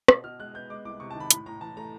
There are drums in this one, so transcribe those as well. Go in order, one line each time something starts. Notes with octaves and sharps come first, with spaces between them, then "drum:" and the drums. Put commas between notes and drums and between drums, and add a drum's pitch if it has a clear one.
B2 D6, drum: rim click
B2 F6
G#3 F#6
B3 G6
G#3 D6
C2 D6
C3 C#6
A5
D#3 B5
A2 B5, drum: hi-hat
A2 A#5
E3 A5
A3 A#5